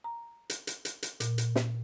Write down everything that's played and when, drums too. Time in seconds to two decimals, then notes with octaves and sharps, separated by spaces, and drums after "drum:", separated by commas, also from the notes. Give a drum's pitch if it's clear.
0.04 A#5
0.50 drum: hi-hat
0.67 drum: hi-hat
0.85 drum: hi-hat
1.03 drum: hi-hat
1.20 A#2, drum: hi-hat
1.38 drum: hi-hat
1.56 drum: snare